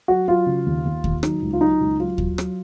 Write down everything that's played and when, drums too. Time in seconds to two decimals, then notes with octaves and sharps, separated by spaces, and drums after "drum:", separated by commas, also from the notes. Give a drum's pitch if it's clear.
0.08 F#3 F#4
0.28 F#3 F4
0.46 C#3
0.66 D#2
0.85 D#2
1.04 D#2, drum: kick D#2
1.23 F#3 D#4, drum: rim click
1.42 C#2
1.53 F4
1.61 F#3 D#4
1.80 C#2
2.00 F#3 F4
2.18 F#3, drum: kick D#2
2.38 F#3, drum: rim click